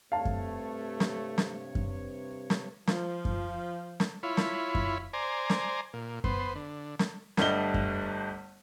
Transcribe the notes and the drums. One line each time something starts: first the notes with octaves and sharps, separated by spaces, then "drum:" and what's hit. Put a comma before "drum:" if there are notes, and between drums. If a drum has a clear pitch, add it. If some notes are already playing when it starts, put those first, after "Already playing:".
G2 C3 A3 C#5 F5 A5
drum: kick F#2
drum: snare
drum: snare
drum: kick F#2
drum: snare
F3, drum: snare
drum: kick F#2
drum: snare
E4 F4 C#5 B5
drum: snare
drum: kick F#2
C5 D5 G#5 A#5
drum: snare
A#2
B3 C5, drum: kick F#2
D3
drum: snare
G1 G2 G3 A3 D#5 G7, drum: snare
drum: kick F#2